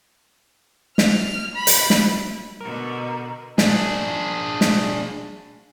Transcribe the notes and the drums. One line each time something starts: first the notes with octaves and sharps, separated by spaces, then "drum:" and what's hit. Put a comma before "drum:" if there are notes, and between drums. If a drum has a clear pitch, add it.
F6, drum: snare
B5
drum: hi-hat
drum: snare
B2 D3 F#4 A#4
D4 G#4, drum: snare
drum: snare